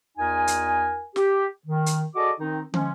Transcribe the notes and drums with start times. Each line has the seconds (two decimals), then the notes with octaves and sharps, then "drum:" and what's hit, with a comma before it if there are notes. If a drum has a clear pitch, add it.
0.18 E2 D#4 F4 A#4 G#5
0.47 drum: hi-hat
1.16 G4, drum: snare
1.66 D#3
1.86 drum: hi-hat
2.16 F#4 G#4 A4 D5 D#5 D6
2.39 D#3 C4 D#4
2.74 F3 G#3 A#3 C#4, drum: tom